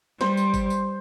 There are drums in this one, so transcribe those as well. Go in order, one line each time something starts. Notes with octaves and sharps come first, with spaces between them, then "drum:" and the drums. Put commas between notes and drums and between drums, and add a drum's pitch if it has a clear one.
G3 C5, drum: snare
drum: tambourine
drum: kick G#1, tambourine
drum: tambourine